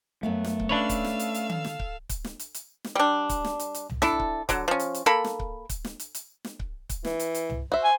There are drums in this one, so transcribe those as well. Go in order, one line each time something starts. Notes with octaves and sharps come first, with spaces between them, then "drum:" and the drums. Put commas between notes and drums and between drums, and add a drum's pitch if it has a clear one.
F#2 A3 B3 F5
drum: snare
drum: kick C#1
C#4 D4 A4 B4 C#5 F5 E6
drum: kick C#1, hi-hat
drum: snare
drum: hi-hat
drum: hi-hat
drum: tom D#3
drum: snare
drum: kick C#1
drum: kick C#1, hi-hat
drum: snare
drum: hi-hat
drum: hi-hat
drum: snare
G3 D4
drum: kick C#1, hi-hat
drum: snare
drum: hi-hat
drum: hi-hat
drum: tom C2
D4 E4 A4, drum: snare
drum: kick C#1
D3 F#3, drum: kick C#1, hi-hat
F3 C#4
drum: hi-hat
drum: hi-hat
A#3 A4 B5
drum: snare
drum: kick C#1
drum: kick C#1, hi-hat
drum: snare
drum: hi-hat
drum: hi-hat
drum: snare
drum: kick C#1
drum: kick C#1, hi-hat
E3, drum: snare
drum: hi-hat
drum: hi-hat
drum: tom C2
F#4 C5 E5
G#5